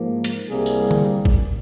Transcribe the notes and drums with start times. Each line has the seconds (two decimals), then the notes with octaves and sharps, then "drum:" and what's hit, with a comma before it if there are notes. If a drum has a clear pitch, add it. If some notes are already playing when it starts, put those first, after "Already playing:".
Already playing: G#2 F3 A#3
0.24 drum: hi-hat
0.50 C2 C3 G3 A#3 G#4
0.66 drum: tambourine
0.91 drum: tom D3
1.25 drum: kick